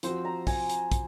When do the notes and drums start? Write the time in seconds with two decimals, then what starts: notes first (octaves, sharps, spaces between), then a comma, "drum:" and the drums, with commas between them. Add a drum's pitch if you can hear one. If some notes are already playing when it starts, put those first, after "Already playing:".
0.03 F3 C4 F#4 C5, drum: hi-hat
0.25 A#5
0.47 G#5, drum: kick, open hi-hat
0.69 drum: hi-hat
0.92 drum: kick, hi-hat